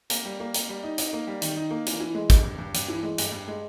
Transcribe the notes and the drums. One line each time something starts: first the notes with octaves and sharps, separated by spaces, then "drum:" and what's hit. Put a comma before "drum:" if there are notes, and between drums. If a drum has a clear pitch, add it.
A#3, drum: hi-hat
G3
A#3
A#3, drum: hi-hat
G3
D#4
D#4, drum: hi-hat
A#3
G3
D#3, drum: hi-hat
D#4
A#3
E3, drum: hi-hat
E3
G#3
G2, drum: kick, hi-hat
G2
G2
G2, drum: hi-hat
E3
G#3
G2, drum: hi-hat
G2
G#3